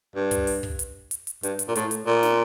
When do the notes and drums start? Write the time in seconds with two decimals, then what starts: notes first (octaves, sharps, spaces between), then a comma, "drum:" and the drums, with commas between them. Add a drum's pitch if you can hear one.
0.15 G2
0.31 drum: kick, hi-hat
0.47 drum: open hi-hat
0.63 drum: kick
0.79 drum: hi-hat
1.11 drum: hi-hat
1.27 drum: hi-hat
1.43 G2, drum: hi-hat
1.59 drum: hi-hat
1.68 A#2
1.75 A2, drum: hi-hat
1.91 drum: hi-hat
2.07 A#2
2.23 drum: snare